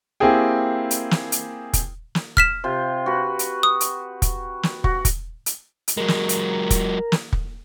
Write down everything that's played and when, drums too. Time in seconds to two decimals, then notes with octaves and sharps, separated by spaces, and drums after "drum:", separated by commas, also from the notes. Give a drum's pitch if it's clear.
0.20 A#3 C4 E4 G4 G#4 G5
0.91 drum: hi-hat
1.11 drum: snare
1.32 drum: hi-hat
1.73 drum: kick, hi-hat
2.15 drum: snare
2.37 F6 B6 E7, drum: kick
2.64 C3 F4 C5
3.06 F#4 B4
3.39 drum: hi-hat
3.63 D#6
3.81 drum: hi-hat
4.22 drum: kick, hi-hat
4.63 drum: snare
4.84 F#4, drum: kick
5.05 drum: kick, hi-hat
5.46 drum: hi-hat
5.88 drum: hi-hat
5.97 F#3 G#3 A#4
6.08 drum: snare
6.29 drum: hi-hat
6.70 drum: kick, hi-hat
7.12 drum: snare
7.33 drum: kick